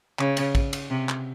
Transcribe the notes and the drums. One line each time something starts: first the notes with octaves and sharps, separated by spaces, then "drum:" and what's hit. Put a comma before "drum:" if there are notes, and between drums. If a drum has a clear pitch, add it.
C#3, drum: clap
drum: cymbal
drum: kick, cymbal
drum: cymbal
C3
drum: clap